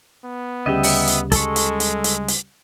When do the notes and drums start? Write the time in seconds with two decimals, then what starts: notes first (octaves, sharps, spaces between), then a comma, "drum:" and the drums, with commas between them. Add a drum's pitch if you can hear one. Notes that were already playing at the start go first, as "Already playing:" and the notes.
0.25 B3
0.66 D2 C#3 G3 D#5 E5 G5
0.83 drum: open hi-hat
1.07 drum: hi-hat
1.32 G#3 A4 A5 C#6, drum: kick, hi-hat
1.56 drum: hi-hat
1.80 drum: hi-hat
2.04 drum: hi-hat
2.28 drum: hi-hat